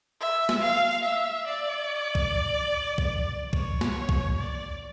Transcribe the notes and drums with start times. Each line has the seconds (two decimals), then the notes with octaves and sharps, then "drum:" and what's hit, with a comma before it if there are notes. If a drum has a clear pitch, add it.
0.21 E5
0.49 drum: snare
0.63 F5
1.04 E5
1.46 D5
2.15 drum: kick B1
2.98 drum: kick B1
3.53 C#5, drum: kick B1
3.81 drum: snare
4.09 drum: kick B1
4.37 D5